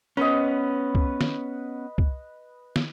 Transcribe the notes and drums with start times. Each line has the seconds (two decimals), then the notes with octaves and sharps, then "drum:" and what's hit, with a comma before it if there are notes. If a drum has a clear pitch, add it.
0.17 B3 C#4 B4 D#5
0.95 drum: kick
1.21 drum: snare
1.98 drum: kick
2.76 drum: snare